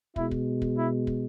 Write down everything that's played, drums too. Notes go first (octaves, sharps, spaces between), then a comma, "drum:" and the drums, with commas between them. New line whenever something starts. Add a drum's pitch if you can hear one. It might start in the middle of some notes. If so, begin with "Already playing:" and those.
B2 G#3 E4, drum: kick
drum: kick
drum: kick
E4
drum: kick